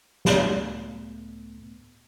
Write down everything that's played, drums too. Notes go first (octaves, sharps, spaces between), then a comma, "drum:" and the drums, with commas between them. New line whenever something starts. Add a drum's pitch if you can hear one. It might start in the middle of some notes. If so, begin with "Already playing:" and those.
C#2 A2 A3 B3, drum: snare